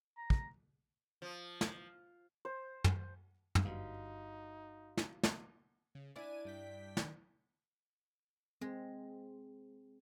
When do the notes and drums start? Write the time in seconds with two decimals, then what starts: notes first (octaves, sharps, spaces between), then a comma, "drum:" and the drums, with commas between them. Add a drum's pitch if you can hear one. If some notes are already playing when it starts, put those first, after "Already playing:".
0.18 A#5
0.30 drum: kick
1.22 F3
1.61 drum: snare
2.45 C5
2.84 drum: tom
3.55 drum: tom
3.65 G1 G2 D#4 F#4 F5
4.97 drum: snare
5.24 drum: snare
5.95 C#3
6.16 D4 E4 G#5 D#7
6.45 G2 G5 B6
6.97 D#3, drum: snare
8.61 G#3 C4